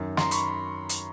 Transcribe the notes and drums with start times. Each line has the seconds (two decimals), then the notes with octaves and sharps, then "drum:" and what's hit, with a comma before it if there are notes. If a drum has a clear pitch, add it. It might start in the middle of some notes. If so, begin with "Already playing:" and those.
Already playing: F#2 D#3
0.17 A#5 C6, drum: snare
0.31 B5 C#6, drum: hi-hat
0.89 drum: hi-hat